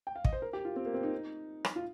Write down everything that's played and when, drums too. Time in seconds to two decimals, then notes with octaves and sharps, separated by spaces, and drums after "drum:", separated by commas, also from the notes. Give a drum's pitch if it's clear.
0.07 G5
0.16 F5
0.25 D#5, drum: kick
0.33 C5
0.42 A#4
0.53 G4
0.65 F4
0.76 C4
0.86 A#3
0.94 C4
1.03 D#4
1.65 drum: rim click
1.76 F4